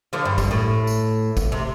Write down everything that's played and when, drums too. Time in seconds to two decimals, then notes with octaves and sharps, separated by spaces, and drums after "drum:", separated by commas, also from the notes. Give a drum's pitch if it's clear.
0.13 D3 F3
0.25 G2
0.38 G2, drum: kick, tambourine
0.51 A2
0.87 drum: tambourine
1.37 drum: kick, tambourine
1.52 C3